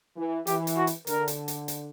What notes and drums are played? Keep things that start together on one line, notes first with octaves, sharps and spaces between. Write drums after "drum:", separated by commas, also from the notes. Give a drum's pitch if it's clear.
E3
E3 G4, drum: hi-hat
drum: hi-hat
F#4
drum: hi-hat
D3 A#4, drum: hi-hat
drum: hi-hat
drum: hi-hat
drum: hi-hat